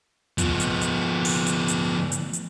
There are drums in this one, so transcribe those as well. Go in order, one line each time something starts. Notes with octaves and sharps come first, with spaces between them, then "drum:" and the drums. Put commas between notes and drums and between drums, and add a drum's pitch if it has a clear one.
F3 B3, drum: kick, hi-hat
drum: hi-hat
drum: hi-hat
drum: open hi-hat
drum: hi-hat
drum: hi-hat
drum: hi-hat
drum: hi-hat